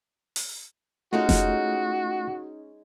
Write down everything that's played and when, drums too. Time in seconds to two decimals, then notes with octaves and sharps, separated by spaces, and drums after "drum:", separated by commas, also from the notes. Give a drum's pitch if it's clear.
0.36 drum: open hi-hat
1.13 G#3 A3 C#4 D#4 F4 F#4
1.29 drum: snare F1